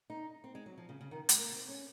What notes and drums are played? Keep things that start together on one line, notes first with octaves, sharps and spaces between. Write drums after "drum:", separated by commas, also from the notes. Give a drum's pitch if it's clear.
D#4
C4
G#3
F#3
F3
C#3
C#3
D#3
G#3, drum: hi-hat
A#3
C4
C#4